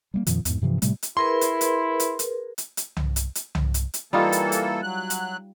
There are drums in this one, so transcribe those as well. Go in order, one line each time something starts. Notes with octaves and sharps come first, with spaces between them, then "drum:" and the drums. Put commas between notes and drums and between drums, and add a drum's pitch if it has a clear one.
G3 G#3 A#3
F2 A#2 D#3 F3, drum: hi-hat
E2 G#2, drum: hi-hat
G2 C3 E3 F3
A2 C3 G3 A3, drum: hi-hat
drum: hi-hat
E4 G#4 A#4 B4 C6
drum: hi-hat
drum: hi-hat
drum: hi-hat
drum: hi-hat
drum: hi-hat
drum: hi-hat
drum: tom C2
drum: hi-hat
drum: hi-hat
drum: tom C2
drum: hi-hat
drum: hi-hat
E3 G3 A#3 D#4 F4 A4
drum: hi-hat
drum: hi-hat
F#3 F#6
drum: hi-hat